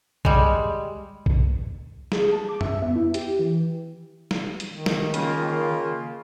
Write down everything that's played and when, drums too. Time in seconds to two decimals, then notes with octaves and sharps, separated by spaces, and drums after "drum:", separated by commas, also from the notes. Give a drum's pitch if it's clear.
0.25 G3 G#3, drum: kick B1
1.26 drum: kick B1
2.12 G#4, drum: snare
2.32 A5
2.49 D6
2.61 E5, drum: tom F2
2.82 B3
2.96 E4
3.14 G4, drum: hi-hat
3.39 E3
4.31 drum: snare
4.60 drum: hi-hat
4.70 D#3
4.86 drum: snare
5.14 C#3 A#3 F4, drum: hi-hat